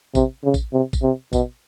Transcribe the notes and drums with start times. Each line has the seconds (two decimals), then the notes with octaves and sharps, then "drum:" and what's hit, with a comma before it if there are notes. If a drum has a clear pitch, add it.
0.15 C3, drum: kick, tambourine
0.44 C#3
0.54 drum: kick, tambourine
0.73 C3
0.93 drum: kick, tambourine
1.03 C3
1.33 B2, drum: kick, tambourine